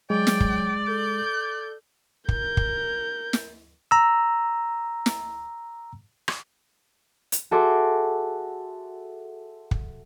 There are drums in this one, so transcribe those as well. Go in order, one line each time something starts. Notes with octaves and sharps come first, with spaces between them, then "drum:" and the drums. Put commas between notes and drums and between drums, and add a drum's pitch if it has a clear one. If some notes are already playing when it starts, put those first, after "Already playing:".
F#3 G#3 D5 G5
drum: snare
drum: kick
A4 G6
A#4 G6, drum: kick
drum: kick
drum: snare
A#5 E6
drum: snare
drum: rim click
drum: hi-hat
F#4 G#4 A4 E5 C6 D6
drum: kick